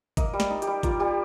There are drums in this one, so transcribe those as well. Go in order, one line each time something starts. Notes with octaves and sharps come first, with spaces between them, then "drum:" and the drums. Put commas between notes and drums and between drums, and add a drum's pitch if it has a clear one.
A#3 D#5, drum: kick, hi-hat
G3
D5, drum: snare
D#4
G4, drum: hi-hat
G3
A#3 F4, drum: kick, hi-hat
G3 G4